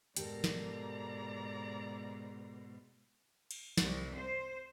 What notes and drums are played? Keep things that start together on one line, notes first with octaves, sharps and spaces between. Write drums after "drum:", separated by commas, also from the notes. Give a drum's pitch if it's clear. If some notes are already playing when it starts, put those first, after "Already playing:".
G#2 B2 G4 A4 A#4 D5 A#5, drum: hi-hat
drum: snare
drum: cymbal
C2, drum: snare
C5